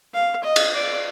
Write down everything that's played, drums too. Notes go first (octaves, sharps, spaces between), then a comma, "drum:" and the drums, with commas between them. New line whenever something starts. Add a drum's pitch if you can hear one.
F5
D#5
drum: cymbal
D5